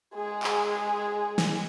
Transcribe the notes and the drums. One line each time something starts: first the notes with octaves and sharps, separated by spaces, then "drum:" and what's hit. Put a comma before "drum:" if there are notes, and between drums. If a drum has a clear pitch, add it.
G#3 G#4
drum: clap
drum: snare